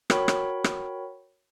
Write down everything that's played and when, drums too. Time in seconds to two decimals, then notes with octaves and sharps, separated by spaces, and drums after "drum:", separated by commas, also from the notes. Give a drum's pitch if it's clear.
0.10 F#4 A#4 C#5 G5 B5 C#6, drum: rim click
0.28 drum: rim click
0.64 drum: rim click